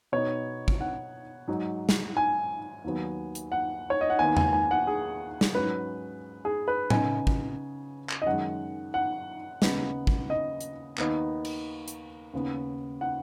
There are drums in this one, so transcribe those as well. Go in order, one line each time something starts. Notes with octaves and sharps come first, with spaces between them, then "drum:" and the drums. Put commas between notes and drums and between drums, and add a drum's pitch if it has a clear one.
B2 B3 D#4 C#5
drum: kick
F#5
G#2 F#3 D#4
drum: snare
G#5
D#2 D#3 F#3 B3
drum: hi-hat
F#5
C#5
D#5
F#5
D#2 D#3 B3 G#5
G#5, drum: tom E2
G#5
F#5
G#4
drum: snare
G#2 F#3 C#4 B4
G#4
B4
C#3 B3 D#4 G#5, drum: tom A2
drum: kick
drum: clap
D#5
F#2 D#3 G#3 F#5
F#5
D#2 C#3 B3 D#4, drum: snare
drum: kick
D#5
drum: hi-hat
D#2 D#3 B3 D#4, drum: clap
drum: cymbal
drum: hi-hat
D#2 C#3 B3
F#5